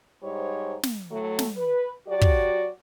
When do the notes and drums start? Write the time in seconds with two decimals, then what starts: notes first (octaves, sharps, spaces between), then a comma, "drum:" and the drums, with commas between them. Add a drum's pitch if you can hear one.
0.23 G#2 G3 D#4 C5 C#5
0.83 drum: snare
1.11 A2 F#3 A3
1.39 drum: snare
1.57 B4
2.08 F#3 F#4 G4 D5
2.21 drum: kick